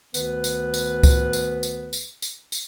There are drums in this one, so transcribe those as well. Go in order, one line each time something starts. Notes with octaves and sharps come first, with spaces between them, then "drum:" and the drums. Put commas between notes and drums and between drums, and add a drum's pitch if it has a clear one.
D2 D#3 B3 B4, drum: tambourine
drum: tambourine
drum: tambourine
drum: kick C#2, tambourine
drum: tambourine
drum: tambourine
drum: tambourine
drum: tambourine
drum: tambourine